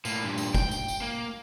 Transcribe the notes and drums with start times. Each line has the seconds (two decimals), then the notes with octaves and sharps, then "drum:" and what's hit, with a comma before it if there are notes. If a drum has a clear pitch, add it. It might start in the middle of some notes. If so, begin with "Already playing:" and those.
0.05 A2 A#3, drum: tambourine
0.24 G2 A#2
0.38 drum: tambourine
0.55 G5, drum: kick, tambourine
0.71 drum: tambourine
0.88 drum: tambourine
1.02 A#3